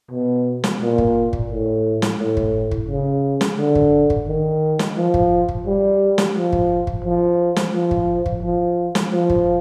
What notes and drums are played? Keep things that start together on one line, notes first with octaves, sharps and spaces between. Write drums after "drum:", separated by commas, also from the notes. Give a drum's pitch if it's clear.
B2
drum: snare
A#2
drum: kick
drum: kick
A2
drum: snare
A2
drum: kick
drum: kick
C#3
drum: snare
D3
drum: kick
drum: kick
D#3
drum: snare
F3
drum: kick
drum: kick
G3
drum: snare
F3
drum: kick
drum: kick
F3
drum: snare
F3
drum: kick
drum: kick
F3
drum: snare
F3
drum: kick